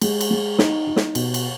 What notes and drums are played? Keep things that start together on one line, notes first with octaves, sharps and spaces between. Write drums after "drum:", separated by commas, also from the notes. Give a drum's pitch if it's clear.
G#3, drum: cymbal
drum: cymbal
G#3
D#4, drum: snare
D#4
drum: snare
B2, drum: cymbal
drum: cymbal